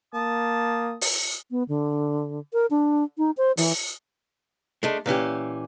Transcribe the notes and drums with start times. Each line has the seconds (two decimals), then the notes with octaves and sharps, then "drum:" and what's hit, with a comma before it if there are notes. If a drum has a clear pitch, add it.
0.14 A#3 A5 D#6
1.01 drum: open hi-hat
1.51 B3
1.68 D3
2.53 A#4
2.71 D4
3.18 D#4
3.37 C5
3.57 E3, drum: open hi-hat
4.83 G#3 A3 D4
5.06 A#2 E3 C#4 G4